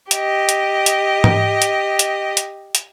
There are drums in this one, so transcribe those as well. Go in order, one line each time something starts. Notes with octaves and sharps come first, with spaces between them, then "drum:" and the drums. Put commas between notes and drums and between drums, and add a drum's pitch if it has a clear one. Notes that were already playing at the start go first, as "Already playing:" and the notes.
G4 D#5, drum: hi-hat
drum: hi-hat
drum: hi-hat
drum: tom G#2
drum: hi-hat
drum: hi-hat
drum: hi-hat
drum: hi-hat